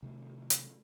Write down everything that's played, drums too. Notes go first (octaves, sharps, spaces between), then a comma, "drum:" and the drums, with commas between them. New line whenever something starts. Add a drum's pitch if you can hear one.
C3 D#3 A3
drum: hi-hat